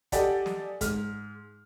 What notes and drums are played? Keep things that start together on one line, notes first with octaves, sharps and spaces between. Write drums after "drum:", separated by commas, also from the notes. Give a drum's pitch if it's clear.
G4 A4 D5 D#5 F#5 G#5, drum: kick, hi-hat
drum: snare
G#2 F6, drum: kick, hi-hat